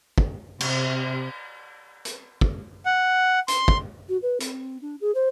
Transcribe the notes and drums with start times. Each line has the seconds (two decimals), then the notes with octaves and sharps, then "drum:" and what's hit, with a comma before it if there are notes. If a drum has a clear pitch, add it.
0.18 drum: kick
0.60 C3, drum: cymbal
2.05 drum: hi-hat
2.41 drum: kick
2.85 F#5
3.48 C6, drum: hi-hat
3.68 drum: kick
4.09 F#4
4.22 B4
4.40 C4, drum: hi-hat
4.82 D4
5.01 G#4
5.14 C5